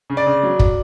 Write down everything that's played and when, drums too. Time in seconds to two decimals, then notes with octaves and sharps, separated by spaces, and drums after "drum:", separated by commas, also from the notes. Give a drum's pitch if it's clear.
0.10 C#3
0.17 D5
0.26 C#3
0.43 F#3
0.59 drum: kick